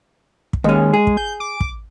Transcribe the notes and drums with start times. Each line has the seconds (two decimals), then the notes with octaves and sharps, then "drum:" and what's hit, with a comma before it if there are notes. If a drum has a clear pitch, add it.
0.53 drum: kick
0.64 D#2 G#3 C#4
0.93 G#4
1.07 drum: kick
1.17 G6
1.40 D6
1.60 drum: kick